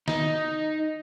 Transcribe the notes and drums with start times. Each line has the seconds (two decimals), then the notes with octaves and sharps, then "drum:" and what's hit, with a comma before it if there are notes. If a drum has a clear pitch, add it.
0.08 D#4, drum: snare